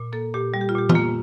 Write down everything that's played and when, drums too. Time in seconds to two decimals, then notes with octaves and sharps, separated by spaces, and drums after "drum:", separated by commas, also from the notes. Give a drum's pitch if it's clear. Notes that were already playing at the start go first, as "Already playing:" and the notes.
Already playing: A#2
0.13 A#3 A4
0.34 A#2 G4
0.54 G3
0.61 G4
0.69 F4
0.76 A#2 G4
0.89 F4, drum: tom E3
0.95 A#3